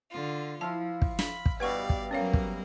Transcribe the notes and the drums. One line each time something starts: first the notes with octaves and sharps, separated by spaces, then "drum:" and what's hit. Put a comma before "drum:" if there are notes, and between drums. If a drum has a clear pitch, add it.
D3 F4
F3 E4 F5 A5 C6
drum: kick
B5, drum: snare
drum: kick
G2 B2 G3 B4 D5 F5 F#5 C#6
drum: kick
F#3 A#3 C#4 A#4 C#5 F5
drum: kick